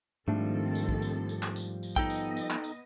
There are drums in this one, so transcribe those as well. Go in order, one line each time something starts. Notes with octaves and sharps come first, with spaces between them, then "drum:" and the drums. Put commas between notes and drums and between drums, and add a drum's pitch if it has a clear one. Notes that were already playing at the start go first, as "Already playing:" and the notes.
G#2 D#3 F3 G3 A3 C4 D4 A4
drum: tambourine
drum: kick A#1
drum: tambourine
drum: tambourine
drum: clap
drum: tambourine
drum: tambourine
B3 D#4 A4 D#5 G5, drum: kick A#1
drum: tambourine
drum: tambourine
drum: clap
drum: tambourine